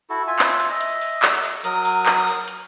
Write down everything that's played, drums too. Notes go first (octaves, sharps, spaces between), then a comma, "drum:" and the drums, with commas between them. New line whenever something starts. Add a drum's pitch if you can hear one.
E4 F#4 A4
F4 E5 G#5
drum: clap
drum: open hi-hat
D#5 E5
drum: hi-hat
drum: open hi-hat
drum: clap
drum: open hi-hat
F#3 A#4 D#6, drum: hi-hat
drum: open hi-hat
drum: clap
drum: open hi-hat
drum: hi-hat